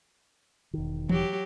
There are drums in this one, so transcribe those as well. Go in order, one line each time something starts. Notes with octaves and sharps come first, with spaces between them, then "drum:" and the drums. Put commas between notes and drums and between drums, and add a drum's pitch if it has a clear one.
E1 D#3
F#3 G4, drum: tom E3